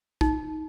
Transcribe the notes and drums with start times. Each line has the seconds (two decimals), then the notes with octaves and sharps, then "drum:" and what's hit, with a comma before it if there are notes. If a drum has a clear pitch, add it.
0.21 D#4, drum: kick